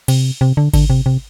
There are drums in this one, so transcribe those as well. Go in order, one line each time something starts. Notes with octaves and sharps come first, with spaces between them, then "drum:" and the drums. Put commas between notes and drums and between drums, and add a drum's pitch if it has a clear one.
C3, drum: cymbal
C3
D3
D3, drum: kick G#1, cymbal
C3
C3